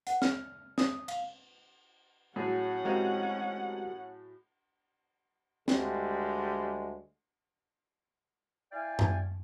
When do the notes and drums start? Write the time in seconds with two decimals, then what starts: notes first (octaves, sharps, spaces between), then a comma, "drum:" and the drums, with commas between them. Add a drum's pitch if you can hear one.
0.07 F#5, drum: hi-hat
0.22 F6, drum: snare
0.78 D#6, drum: snare
1.08 F5, drum: cymbal
2.36 A2 F#3 C#4 G#4 F#5
2.85 G#3 C4 F#4 G4 A#4 F5
5.68 D2 G3 G#3, drum: snare
8.72 E4 D5 F5 G5 G#5
8.99 drum: tom F#2